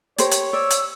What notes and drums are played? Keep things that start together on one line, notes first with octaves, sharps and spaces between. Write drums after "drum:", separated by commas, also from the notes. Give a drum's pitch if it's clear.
G4 A#4 C5 C#5, drum: hi-hat
drum: hi-hat
D5 E6
drum: hi-hat